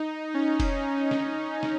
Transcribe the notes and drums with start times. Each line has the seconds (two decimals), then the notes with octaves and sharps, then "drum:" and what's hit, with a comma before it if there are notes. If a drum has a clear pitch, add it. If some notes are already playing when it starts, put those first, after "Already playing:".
Already playing: D#4
0.34 C#4
0.60 drum: kick F1, cymbal
1.11 drum: snare
1.63 drum: snare